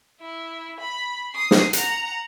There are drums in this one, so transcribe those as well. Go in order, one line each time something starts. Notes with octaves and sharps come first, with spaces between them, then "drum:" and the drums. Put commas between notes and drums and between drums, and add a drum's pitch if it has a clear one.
E4
B5
D#6 C7
drum: snare
F#5 A#5, drum: hi-hat